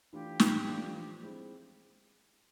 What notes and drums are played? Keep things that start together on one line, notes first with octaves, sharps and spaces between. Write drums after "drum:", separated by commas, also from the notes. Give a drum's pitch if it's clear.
E3 A3 D4 F4 G4
A2, drum: snare
E3 A3 D4 F4
F3
G#3 C4 E4 G#4